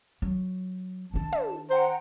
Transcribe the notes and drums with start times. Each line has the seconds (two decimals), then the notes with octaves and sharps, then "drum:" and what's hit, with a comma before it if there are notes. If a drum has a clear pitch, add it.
0.22 F#3
1.14 D#3 D4 A5
1.32 drum: tom
1.70 C5 F#5 G5 A#5